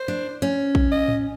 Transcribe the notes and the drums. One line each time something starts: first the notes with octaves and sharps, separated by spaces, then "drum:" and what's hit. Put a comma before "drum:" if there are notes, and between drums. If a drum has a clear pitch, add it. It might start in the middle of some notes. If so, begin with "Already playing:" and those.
Already playing: C5
D4
C#4
drum: kick A#1
D#5
drum: tom A2